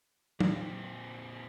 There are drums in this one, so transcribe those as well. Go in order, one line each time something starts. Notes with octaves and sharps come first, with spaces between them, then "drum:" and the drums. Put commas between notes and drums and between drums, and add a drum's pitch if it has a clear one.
A#2 C4, drum: tom